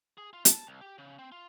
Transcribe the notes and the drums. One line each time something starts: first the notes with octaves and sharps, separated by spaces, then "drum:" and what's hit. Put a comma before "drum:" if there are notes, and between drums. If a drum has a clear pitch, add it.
G#4
F4
A5, drum: hi-hat
C2
G4
C#3
C4
F4